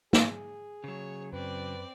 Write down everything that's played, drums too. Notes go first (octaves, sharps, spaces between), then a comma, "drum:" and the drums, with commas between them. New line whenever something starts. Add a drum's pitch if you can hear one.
G#4, drum: snare
C#3 F#3 C#5
F#2 C4 B4 D5